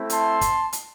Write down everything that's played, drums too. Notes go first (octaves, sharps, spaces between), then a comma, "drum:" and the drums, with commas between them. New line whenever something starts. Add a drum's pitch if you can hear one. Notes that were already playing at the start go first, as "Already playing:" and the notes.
Already playing: A3 C4 E4
A5 C6, drum: hi-hat
drum: kick, hi-hat
drum: hi-hat